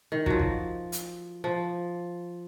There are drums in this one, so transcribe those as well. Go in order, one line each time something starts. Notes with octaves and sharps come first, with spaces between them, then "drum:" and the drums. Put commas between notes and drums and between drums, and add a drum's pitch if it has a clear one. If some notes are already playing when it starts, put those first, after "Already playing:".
D#3
F3 F#3, drum: kick
drum: kick
drum: hi-hat
F3